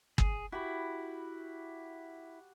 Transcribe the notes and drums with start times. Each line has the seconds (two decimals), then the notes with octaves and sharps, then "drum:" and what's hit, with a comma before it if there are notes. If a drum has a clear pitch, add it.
0.18 G#4, drum: kick
0.52 E4 F#4 G4 B5